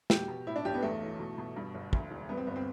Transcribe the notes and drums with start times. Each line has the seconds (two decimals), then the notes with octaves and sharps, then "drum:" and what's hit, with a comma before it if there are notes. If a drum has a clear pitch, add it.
0.10 B2 G4, drum: snare
0.28 B2
0.47 A2 E4
0.56 D4
0.65 B1 G4
0.74 B3
0.83 E2 A3
1.02 E3
1.20 B2
1.38 B2
1.56 G2
1.75 G1
1.93 D2, drum: kick
2.11 E1
2.29 G2 B3
2.37 C4
2.47 G1 B3
2.56 C4